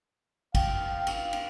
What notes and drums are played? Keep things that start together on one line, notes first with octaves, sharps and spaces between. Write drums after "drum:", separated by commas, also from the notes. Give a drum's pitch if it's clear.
F5 G5, drum: kick G#1, cymbal
drum: cymbal
drum: cymbal